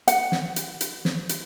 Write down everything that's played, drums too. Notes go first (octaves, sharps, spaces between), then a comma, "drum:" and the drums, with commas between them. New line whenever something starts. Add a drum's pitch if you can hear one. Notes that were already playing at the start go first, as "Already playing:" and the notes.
F#5, drum: hi-hat
drum: snare
drum: hi-hat
drum: hi-hat
drum: snare
drum: hi-hat